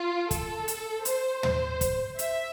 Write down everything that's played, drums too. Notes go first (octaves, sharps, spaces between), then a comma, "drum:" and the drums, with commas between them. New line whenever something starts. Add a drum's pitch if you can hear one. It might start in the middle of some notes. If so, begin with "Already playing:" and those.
Already playing: F4
A4, drum: kick, hi-hat
drum: hi-hat
C5, drum: hi-hat
drum: tom
drum: kick, hi-hat
E5, drum: hi-hat